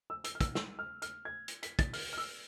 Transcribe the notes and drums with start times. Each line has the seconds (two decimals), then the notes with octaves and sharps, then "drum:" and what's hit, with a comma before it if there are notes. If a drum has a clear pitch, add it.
0.10 E6
0.24 E6, drum: hi-hat
0.35 F6
0.41 E6, drum: kick, hi-hat
0.55 E6, drum: snare
0.79 F6
1.02 F6, drum: hi-hat
1.25 G#6
1.48 drum: hi-hat
1.63 B6, drum: hi-hat
1.79 A6, drum: kick, hi-hat
1.93 F6, drum: open hi-hat
2.13 F6
2.18 E6